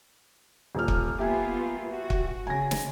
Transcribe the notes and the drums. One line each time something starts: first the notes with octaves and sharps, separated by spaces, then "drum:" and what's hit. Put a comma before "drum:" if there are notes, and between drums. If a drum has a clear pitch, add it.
D#1 A#2 F6
drum: kick
A#3 B3 F4 G4 E5 G#5
F#4
drum: kick
C#3 G#5 A#6
drum: snare